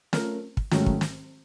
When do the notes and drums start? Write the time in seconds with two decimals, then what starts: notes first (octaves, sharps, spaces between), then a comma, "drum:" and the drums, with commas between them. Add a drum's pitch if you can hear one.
0.13 A3 C#4 F4 A#4, drum: snare
0.57 drum: kick
0.71 G#2 D#3 F#3 A3 C#4, drum: snare
0.86 drum: kick
1.01 drum: snare